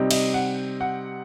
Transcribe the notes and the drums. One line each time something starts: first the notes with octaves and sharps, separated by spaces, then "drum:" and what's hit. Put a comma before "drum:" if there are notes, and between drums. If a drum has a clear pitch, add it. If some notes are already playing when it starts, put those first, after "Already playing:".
Already playing: C3 G3 C4 D#4
D#5, drum: cymbal
F#5
F#5